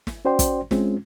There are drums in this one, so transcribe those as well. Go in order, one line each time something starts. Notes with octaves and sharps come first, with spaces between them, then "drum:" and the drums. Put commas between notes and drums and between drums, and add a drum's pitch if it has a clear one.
drum: snare
C#4 F#4 C5 D5 G5 C6
drum: kick, hi-hat
G#3 C4 C#4 F4, drum: snare